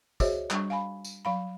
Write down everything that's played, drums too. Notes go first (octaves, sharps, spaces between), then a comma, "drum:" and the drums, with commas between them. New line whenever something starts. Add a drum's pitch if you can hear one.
F#4 G#4 C5 C#5 D#5 E5, drum: kick, tambourine
G3 D4 C#6, drum: clap
F5 G#5 B5
drum: tambourine
F#3 F5 B5